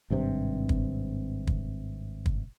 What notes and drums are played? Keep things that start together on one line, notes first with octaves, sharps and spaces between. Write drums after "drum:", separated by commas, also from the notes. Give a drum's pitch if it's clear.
G#1 G2 C3 C4
drum: kick
drum: kick
drum: kick